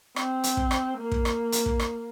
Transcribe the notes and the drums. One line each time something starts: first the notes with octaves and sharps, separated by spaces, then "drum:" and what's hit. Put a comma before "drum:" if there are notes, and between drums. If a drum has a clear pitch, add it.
C4, drum: rim click
drum: hi-hat
drum: kick
drum: rim click
A#3
drum: kick
drum: rim click
drum: hi-hat
drum: kick
drum: rim click